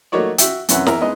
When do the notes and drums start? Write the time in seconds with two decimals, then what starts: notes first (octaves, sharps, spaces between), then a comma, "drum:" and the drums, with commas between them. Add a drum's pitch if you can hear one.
0.12 A3 A#3 D#4 F#4 C#5 D5
0.38 F#4 E5 G5, drum: hi-hat
0.69 F#2 C3 C#4 B4 E5 F#5, drum: hi-hat
0.87 E2 A#4 E5 A#5, drum: snare
1.01 G#3 B3 D#4 D#5